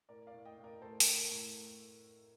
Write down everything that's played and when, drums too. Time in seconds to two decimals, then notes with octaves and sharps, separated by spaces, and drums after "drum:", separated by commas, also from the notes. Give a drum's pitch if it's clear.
0.09 A2 A#4 D5
0.27 D5 F5
0.33 A2
0.45 D#5 G5
0.58 A2
0.64 A#4 D5
0.82 A2 A4 C5
1.00 A#4, drum: open hi-hat
1.06 A3
1.19 A#4
1.31 A2